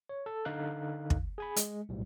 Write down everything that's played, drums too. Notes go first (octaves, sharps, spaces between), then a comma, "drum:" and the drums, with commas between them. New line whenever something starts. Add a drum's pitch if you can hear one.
C#5
A4
D3 D#4 F5 F#6
drum: kick
G#4 G#5 B5
G#3, drum: hi-hat
B1 A2 G3